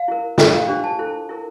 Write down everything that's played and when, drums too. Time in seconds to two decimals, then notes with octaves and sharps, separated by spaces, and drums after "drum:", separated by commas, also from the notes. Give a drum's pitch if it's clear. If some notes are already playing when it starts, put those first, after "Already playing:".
Already playing: F5
0.08 E4 A#4
0.38 F4 A#4 G5, drum: snare
0.53 F5
0.68 D4 G4 C5
0.84 A5
0.99 E4 A4 C5
1.29 E4 A#4